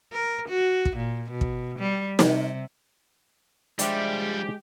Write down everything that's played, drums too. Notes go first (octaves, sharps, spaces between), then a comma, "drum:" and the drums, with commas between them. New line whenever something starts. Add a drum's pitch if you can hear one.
A#4
F#4
drum: kick
A#2
B2
drum: kick
G3
C3, drum: snare
F3 G3 G#3 D4 G4 C5 E5, drum: hi-hat